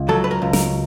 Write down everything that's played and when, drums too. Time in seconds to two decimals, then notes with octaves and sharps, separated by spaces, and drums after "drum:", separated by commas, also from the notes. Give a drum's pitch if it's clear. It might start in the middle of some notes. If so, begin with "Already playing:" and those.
Already playing: C#2
0.09 F#3 A4
0.24 B4
0.31 A#4
0.42 C#2
0.53 A#4, drum: snare